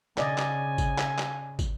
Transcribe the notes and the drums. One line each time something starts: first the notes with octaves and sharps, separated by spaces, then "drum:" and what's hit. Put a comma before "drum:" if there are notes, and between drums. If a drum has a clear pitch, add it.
C#3 D5 D#5 G#5, drum: clap
drum: clap
drum: kick, tambourine
drum: clap
drum: clap
drum: kick, tambourine